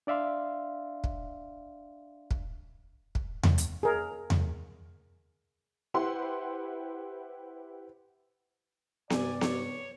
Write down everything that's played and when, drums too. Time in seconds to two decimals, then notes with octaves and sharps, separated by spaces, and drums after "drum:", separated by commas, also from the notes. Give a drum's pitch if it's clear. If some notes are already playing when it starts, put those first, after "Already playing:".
0.07 D4 D5 E5 F5 C6
1.04 drum: kick
2.31 drum: kick
3.15 drum: kick
3.43 drum: tom E2
3.58 drum: hi-hat
3.83 G#4 A#4
4.30 drum: tom E2
5.94 E4 G4 B4 C5 F#5 C6
9.10 G2 C3 D5 G#5, drum: snare B3
9.41 C#5, drum: snare B3